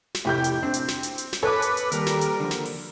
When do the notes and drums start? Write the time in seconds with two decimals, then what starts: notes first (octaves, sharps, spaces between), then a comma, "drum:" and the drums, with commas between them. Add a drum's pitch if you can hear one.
0.15 drum: snare
0.25 F1 A2 E4 G4 G6
0.44 drum: hi-hat
0.63 C4 D4
0.74 drum: hi-hat
0.88 drum: snare
1.03 drum: hi-hat
1.18 drum: hi-hat
1.33 drum: snare
1.43 A4 B4 C#5 D6
1.62 drum: hi-hat
1.77 drum: hi-hat
1.92 D#2 G3 A#4, drum: hi-hat
2.06 drum: snare
2.21 drum: hi-hat
2.40 D3 F3
2.51 drum: snare
2.65 drum: open hi-hat